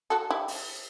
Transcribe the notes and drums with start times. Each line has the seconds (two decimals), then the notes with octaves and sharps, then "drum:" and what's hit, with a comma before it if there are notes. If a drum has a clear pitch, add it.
0.10 F#4 A4
0.30 E4 G4
0.48 drum: open hi-hat